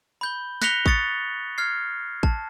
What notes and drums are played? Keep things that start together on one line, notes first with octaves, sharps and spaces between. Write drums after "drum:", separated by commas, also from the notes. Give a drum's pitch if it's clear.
B5 G6 G7
F#6 A#6 B6 C#7 F7 G7, drum: snare
C#6 D#6 A6 C#7, drum: kick A1
F6 G#6 C7
A5, drum: kick A1